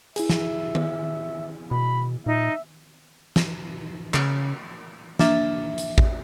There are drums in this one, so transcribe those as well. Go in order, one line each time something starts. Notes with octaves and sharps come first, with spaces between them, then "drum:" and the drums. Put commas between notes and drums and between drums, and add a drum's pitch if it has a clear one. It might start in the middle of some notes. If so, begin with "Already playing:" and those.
E4 G#4 E5, drum: hi-hat
drum: snare
drum: tom D#3
B2 B5
A#2 D#4 E5
drum: snare
C#3, drum: clap
A#3 D4 E5, drum: snare
drum: hi-hat
drum: kick A1